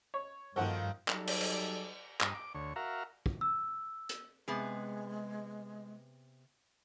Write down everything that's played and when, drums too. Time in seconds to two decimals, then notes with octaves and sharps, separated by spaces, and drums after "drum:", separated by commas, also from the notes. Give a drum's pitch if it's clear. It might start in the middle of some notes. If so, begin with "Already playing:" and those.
0.14 C#5
0.56 G2 D#3 F3 A#3 C4 F#4 A4 F#5
1.08 F#3 G3 D#4 G#4 A4, drum: clap
1.27 drum: cymbal
1.41 drum: cymbal
2.21 G2 D#6, drum: clap
2.34 D6
2.55 D2 C#5
2.76 F#4 A#4 E5 F5 A#5
3.26 drum: kick
3.41 E6
4.09 drum: hi-hat
4.48 C3 G#3 B3 G#4